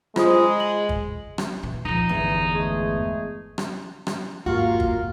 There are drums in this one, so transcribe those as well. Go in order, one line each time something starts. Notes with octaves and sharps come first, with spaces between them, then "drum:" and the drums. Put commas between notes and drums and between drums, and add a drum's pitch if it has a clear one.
G#3 F4 C5 D#6, drum: rim click
F#7
drum: kick
drum: rim click
A#2 E3
C#2 F3 D#4
G1 E2
G#3 A3 G#4
drum: rim click
drum: rim click
G#1 F2 G#3 A#3 F4 F#4
drum: kick